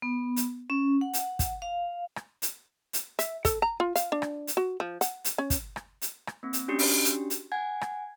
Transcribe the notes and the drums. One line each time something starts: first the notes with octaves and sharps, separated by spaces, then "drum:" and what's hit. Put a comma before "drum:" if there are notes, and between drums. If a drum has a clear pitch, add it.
B3
drum: hi-hat
C#4
F#5
drum: hi-hat
drum: kick, hi-hat
F5
drum: rim click
drum: hi-hat
drum: hi-hat
E5, drum: hi-hat
A4, drum: kick, hi-hat
A#5
F4
F5, drum: hi-hat
D4
drum: rim click
drum: hi-hat
F#4
F3
F#5, drum: hi-hat
drum: hi-hat
C#4
drum: kick, hi-hat
drum: rim click
drum: hi-hat
drum: rim click
A#3 C4
drum: hi-hat
C#4 D4 F#4 G4
drum: open hi-hat
drum: hi-hat
drum: hi-hat
F#5 G#5 G#6
drum: rim click